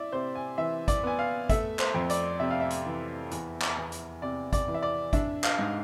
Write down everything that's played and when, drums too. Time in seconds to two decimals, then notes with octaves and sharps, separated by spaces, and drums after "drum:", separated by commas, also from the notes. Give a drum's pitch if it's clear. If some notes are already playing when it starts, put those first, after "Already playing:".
Already playing: E4 D5 E5
0.12 C3 C5
0.35 G#5
0.58 E3 E5
0.88 D5, drum: kick, hi-hat
1.03 B3 G#5
1.19 F5
1.49 A3 E5, drum: kick, hi-hat
1.79 C5, drum: clap
1.94 F2
2.10 D5, drum: hi-hat
2.40 C3 E5
2.51 F5
2.61 E5
2.71 drum: hi-hat
2.86 E3
3.31 E2, drum: hi-hat
3.62 drum: clap
3.77 E2
3.92 drum: hi-hat
4.22 C3 D5
4.53 D5, drum: kick, hi-hat
4.68 E3
4.74 E5
4.83 D5
5.13 D4 E5, drum: kick, hi-hat
5.44 F5, drum: clap
5.59 G#2